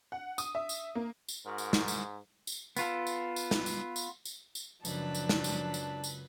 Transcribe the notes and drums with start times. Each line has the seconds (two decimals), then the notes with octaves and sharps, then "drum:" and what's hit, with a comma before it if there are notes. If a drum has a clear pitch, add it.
0.12 F#5
0.38 D#6, drum: tambourine
0.55 E5
0.69 drum: tambourine
0.95 A#3
1.29 drum: tambourine
1.46 G#2 F#4 A#4
1.58 drum: tambourine
1.73 drum: snare
1.88 drum: tambourine
2.47 drum: tambourine
2.77 B3 F4 A4, drum: tambourine
3.07 drum: tambourine
3.36 drum: tambourine
3.51 drum: snare
3.66 drum: tambourine
3.96 drum: tambourine
4.25 drum: tambourine
4.55 drum: tambourine
4.85 C#2 F#2 F3 D4 B4 A5, drum: tambourine
5.15 drum: tambourine
5.29 drum: snare
5.44 drum: tambourine
5.74 drum: tambourine
6.04 drum: tambourine